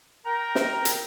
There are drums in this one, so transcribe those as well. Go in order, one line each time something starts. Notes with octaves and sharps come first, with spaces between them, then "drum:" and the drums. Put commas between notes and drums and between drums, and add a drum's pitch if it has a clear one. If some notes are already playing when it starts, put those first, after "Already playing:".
A#4 G5 A#5
drum: snare
drum: hi-hat